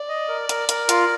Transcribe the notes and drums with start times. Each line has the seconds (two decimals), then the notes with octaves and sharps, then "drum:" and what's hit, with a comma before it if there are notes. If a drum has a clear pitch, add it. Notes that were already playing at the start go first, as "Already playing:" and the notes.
Already playing: D5
0.09 D#5
0.29 A#4
0.49 A#4, drum: hi-hat
0.69 A#4, drum: hi-hat
0.89 F4, drum: hi-hat